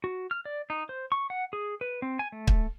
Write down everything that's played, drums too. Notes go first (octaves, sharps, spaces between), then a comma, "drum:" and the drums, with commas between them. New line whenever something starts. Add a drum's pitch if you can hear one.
F#4
F6
D5
D#4
C5
C#6
F#5
G#4
B4
C4
G#5
A3
drum: kick